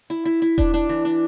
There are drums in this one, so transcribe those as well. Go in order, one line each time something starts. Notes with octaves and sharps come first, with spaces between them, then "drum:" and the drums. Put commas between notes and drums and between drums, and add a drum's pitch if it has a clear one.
E4
E4
E4
D4, drum: kick E1
D4
E3
D4